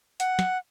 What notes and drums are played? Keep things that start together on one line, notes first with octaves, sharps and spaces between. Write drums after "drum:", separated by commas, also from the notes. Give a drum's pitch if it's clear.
F#5, drum: hi-hat
drum: snare